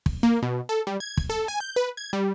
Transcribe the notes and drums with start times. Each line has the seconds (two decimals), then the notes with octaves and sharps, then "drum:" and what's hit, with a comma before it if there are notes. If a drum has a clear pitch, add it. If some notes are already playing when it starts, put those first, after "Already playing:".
0.06 drum: kick
0.23 A#3
0.43 B2
0.69 A4
0.87 G3
1.00 G#6
1.17 drum: kick
1.30 A4
1.48 G#5
1.60 G6
1.76 B4
1.97 G#6
2.13 G3